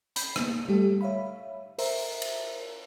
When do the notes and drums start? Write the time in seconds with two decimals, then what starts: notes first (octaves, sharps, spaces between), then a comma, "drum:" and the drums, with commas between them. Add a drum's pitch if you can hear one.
0.16 B5 G6 C7, drum: hi-hat
0.36 A#3 B3, drum: rim click
0.69 G3 A3 G4 A4
1.01 C#5 E5 F5 B5
1.78 A#4 C5 E5 A#5, drum: open hi-hat
2.22 drum: cymbal